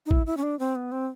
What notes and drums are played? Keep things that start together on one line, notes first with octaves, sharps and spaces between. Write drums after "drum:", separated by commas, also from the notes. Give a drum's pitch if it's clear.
D#4
E4, drum: kick
E4
C#4
D4
C4
B3
C4